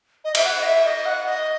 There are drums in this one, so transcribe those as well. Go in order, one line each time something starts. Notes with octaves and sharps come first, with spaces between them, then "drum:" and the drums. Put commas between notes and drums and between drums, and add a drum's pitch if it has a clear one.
D#5
E5, drum: cymbal
F#5
D#5
E5
D#5
F#5
D#5